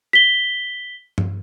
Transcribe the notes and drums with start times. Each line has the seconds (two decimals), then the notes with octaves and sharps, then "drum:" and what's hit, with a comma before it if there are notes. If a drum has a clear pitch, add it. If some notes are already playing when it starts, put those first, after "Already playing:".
0.13 B6 G7
1.18 drum: tom G2